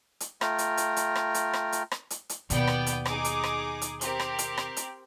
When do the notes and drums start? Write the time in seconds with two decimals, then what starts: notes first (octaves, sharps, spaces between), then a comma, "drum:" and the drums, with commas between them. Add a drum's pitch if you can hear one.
0.20 drum: hi-hat
0.41 A3 F4 G5 A#5, drum: rim click
0.58 drum: hi-hat
0.77 drum: hi-hat
0.96 drum: hi-hat
1.15 drum: rim click
1.34 drum: hi-hat
1.53 drum: rim click
1.72 drum: hi-hat
1.91 drum: rim click
2.10 drum: hi-hat
2.29 drum: hi-hat
2.50 D#2 B2 B3 D5 G5, drum: hi-hat
2.67 drum: rim click
2.86 drum: hi-hat
3.05 D#4 G#4 D6, drum: rim click
3.24 drum: hi-hat
3.43 drum: rim click
3.82 drum: hi-hat
4.01 C4 G4 A#4, drum: hi-hat
4.20 drum: rim click
4.39 drum: hi-hat
4.58 drum: rim click
4.77 drum: hi-hat